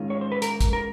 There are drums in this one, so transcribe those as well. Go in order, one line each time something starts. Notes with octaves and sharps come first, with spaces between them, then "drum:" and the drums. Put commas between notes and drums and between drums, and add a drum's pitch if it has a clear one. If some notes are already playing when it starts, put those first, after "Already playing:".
Already playing: G#2 D#3 G#3 C#4 F4
C#5
C5
B4
A#4, drum: hi-hat
drum: kick, hi-hat
A#4